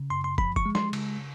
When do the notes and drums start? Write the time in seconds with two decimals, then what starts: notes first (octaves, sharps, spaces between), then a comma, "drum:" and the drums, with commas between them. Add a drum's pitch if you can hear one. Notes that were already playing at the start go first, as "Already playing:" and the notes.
Already playing: C#3
0.10 F#2 C6
0.24 C6
0.38 F3 B5, drum: kick
0.56 C#6, drum: kick
0.66 G#3
0.75 C6, drum: snare
0.93 C#3, drum: cymbal